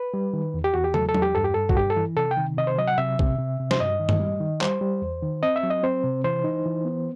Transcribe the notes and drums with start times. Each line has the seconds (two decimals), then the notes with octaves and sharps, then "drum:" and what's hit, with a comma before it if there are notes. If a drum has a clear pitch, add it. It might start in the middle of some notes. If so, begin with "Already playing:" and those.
Already playing: B4
0.14 G3
0.33 D#3
0.54 E2
0.64 G4
0.74 E2 F#4
0.84 G4
0.94 F#3 A4, drum: tom
1.09 A4
1.15 E2, drum: tom F#3
1.22 G4
1.35 G2 A4
1.44 G4
1.54 G2 A4
1.69 F#4, drum: kick
1.76 G2 G4
1.90 A4
1.97 E3
2.17 C3 A4
2.31 G5
2.37 D#3
2.57 C3 D#5
2.67 C5
2.78 F#3 D#5
2.88 F#5
2.98 C3 E5
3.19 C3, drum: kick
3.38 C3
3.60 C3
3.71 C5, drum: snare
3.80 G2 D#5
4.00 D#3
4.09 drum: tom G2
4.20 G3
4.40 D#3
4.61 G3 C5, drum: clap
4.81 G3
5.02 E2
5.22 D#3
5.43 C4 D#5
5.56 E5
5.63 F#3
5.70 D#5
5.83 C4 C5
6.03 C3
6.24 E3 C5
6.44 D#4
6.66 E3
6.85 B3